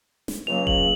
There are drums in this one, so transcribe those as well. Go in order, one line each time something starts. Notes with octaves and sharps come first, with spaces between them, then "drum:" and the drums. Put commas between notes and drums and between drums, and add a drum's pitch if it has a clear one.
drum: snare
C#2 C#3 F#3 A#3 F7
F#7, drum: kick D#1